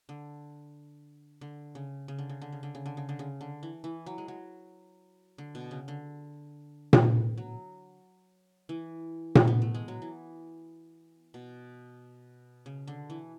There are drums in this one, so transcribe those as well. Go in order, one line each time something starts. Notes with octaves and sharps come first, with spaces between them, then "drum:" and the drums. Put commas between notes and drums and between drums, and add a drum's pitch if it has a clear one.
D3
D3
C#3
C#3
D3
C#3
D3
C#3
D3
C#3
D3
C#3
D3
C#3
D3
E3
E3
F#3
G#3
F#3
D3
B2
C#3
D3
drum: tom A#2
F#3
E3
drum: tom A#2
B3
A3
G#3
F#3
E3
B2
C#3
D3
E3